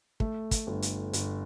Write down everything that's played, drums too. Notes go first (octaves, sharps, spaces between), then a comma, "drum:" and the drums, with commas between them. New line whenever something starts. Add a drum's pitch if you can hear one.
A3, drum: kick
drum: kick, hi-hat
G1
drum: hi-hat
G1, drum: hi-hat